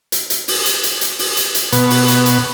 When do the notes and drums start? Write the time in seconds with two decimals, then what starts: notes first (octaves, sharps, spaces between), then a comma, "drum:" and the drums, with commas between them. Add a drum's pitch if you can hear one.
0.12 drum: hi-hat
0.30 drum: hi-hat
0.48 drum: open hi-hat
0.66 drum: hi-hat
0.83 drum: hi-hat
1.01 drum: hi-hat
1.19 drum: open hi-hat
1.37 drum: hi-hat
1.55 drum: hi-hat
1.72 B2, drum: hi-hat
1.90 drum: open hi-hat
2.08 drum: hi-hat
2.26 drum: hi-hat